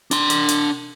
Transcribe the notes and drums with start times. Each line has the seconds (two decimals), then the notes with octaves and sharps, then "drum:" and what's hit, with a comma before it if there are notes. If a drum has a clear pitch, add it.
0.11 D4 C6, drum: hi-hat
0.30 drum: hi-hat
0.49 drum: hi-hat